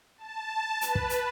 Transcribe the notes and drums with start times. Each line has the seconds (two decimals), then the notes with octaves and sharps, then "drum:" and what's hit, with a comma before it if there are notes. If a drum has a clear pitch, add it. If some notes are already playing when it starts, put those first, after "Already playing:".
0.17 A5
0.81 B4, drum: hi-hat
0.95 drum: kick
1.09 drum: hi-hat